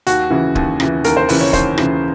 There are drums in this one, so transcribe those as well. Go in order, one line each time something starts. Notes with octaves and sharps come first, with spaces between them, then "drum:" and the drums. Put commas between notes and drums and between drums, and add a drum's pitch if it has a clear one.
D#2 F#4, drum: hi-hat
C#3 E3
D#2, drum: kick
C#3 E3, drum: rim click
D#2 A#4, drum: hi-hat
C5
C#3 E3 B4, drum: open hi-hat
C#5
D#2 C5, drum: kick, hi-hat
C#3 E3, drum: rim click